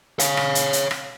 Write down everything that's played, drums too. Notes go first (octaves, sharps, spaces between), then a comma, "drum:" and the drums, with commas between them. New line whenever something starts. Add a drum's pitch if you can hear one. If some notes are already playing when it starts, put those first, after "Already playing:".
C#5 F5, drum: hi-hat
drum: rim click
drum: hi-hat
drum: hi-hat
drum: rim click